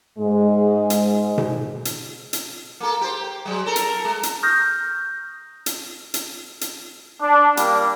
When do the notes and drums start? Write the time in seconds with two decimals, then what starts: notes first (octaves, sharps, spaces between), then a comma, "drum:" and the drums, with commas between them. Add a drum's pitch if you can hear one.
0.19 G#2 G#3
0.90 drum: hi-hat
1.38 drum: tom B2
1.85 drum: hi-hat
2.33 drum: hi-hat
2.80 A#3 A4
3.01 G4 C5
3.45 F#3 G#3
3.66 A4 A#4
3.76 drum: hi-hat
4.05 G#3
4.23 drum: hi-hat
4.43 C#6 D#6 F6 G6 A#6
5.66 drum: hi-hat
6.14 drum: hi-hat
6.61 drum: hi-hat
7.20 D4
7.57 G3 A#3, drum: hi-hat